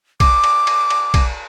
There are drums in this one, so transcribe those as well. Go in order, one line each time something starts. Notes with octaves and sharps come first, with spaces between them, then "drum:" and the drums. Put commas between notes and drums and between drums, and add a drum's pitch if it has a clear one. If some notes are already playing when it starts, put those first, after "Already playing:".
D6, drum: kick B1, cymbal
drum: cymbal
drum: cymbal
drum: cymbal
drum: kick B1, cymbal